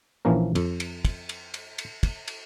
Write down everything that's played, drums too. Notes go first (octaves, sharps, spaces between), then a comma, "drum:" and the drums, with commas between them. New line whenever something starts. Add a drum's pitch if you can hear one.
A#1 E3 F3 A#3 C#4 A#4
F2, drum: cymbal
drum: cymbal
drum: kick, cymbal
drum: cymbal
drum: cymbal
drum: cymbal
drum: kick, cymbal
drum: cymbal